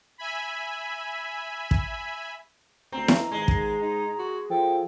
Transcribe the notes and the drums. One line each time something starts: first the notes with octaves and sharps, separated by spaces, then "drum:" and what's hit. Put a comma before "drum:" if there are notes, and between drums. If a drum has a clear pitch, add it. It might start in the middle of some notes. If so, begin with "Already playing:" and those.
E5 G#5 B5
drum: kick
D2 C4 A#5
drum: snare E4
G#2 D#3 G#3
drum: kick
D#4
F#4
F3 A4 G5